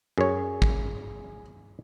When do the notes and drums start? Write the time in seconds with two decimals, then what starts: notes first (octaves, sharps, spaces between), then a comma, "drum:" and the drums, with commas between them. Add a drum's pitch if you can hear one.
0.18 F#2 G#4 C#5
0.62 drum: kick